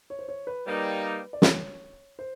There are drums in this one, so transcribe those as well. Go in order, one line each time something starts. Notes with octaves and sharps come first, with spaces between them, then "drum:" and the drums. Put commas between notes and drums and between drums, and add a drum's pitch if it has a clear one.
C#5
C5
C#5
B4
G3 A#3 D#4 B4
D5
C#5, drum: snare
C5